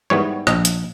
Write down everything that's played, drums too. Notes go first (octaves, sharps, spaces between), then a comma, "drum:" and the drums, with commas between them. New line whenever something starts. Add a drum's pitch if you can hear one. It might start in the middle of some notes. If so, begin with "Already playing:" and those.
G#2 E3 G3 B3 C#5
A#1 D#5, drum: rim click
drum: hi-hat